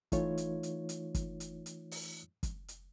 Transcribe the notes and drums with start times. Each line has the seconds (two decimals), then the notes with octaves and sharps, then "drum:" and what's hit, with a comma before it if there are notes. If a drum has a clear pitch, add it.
0.12 E3 A3 D#4 F4 C#5, drum: kick, hi-hat
0.38 drum: hi-hat
0.63 drum: hi-hat
0.89 drum: hi-hat
1.15 drum: kick, hi-hat
1.40 drum: hi-hat
1.66 drum: hi-hat
1.91 drum: open hi-hat
2.43 drum: kick, hi-hat
2.68 drum: hi-hat